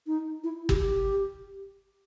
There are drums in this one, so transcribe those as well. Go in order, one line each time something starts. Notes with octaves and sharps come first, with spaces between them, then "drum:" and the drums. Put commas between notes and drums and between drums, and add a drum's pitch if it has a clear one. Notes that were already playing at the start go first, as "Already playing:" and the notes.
D#4
E4
G4, drum: kick
G4